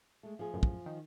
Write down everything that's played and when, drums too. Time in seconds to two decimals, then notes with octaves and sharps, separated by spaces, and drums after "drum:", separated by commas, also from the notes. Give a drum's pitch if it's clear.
0.23 G#3 A3
0.39 F3 G#4
0.54 F#2 A2
0.63 drum: kick
0.86 D#3